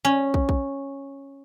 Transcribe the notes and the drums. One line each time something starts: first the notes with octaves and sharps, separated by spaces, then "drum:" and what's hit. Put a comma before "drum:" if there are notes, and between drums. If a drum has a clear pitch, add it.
C#4
drum: kick
drum: kick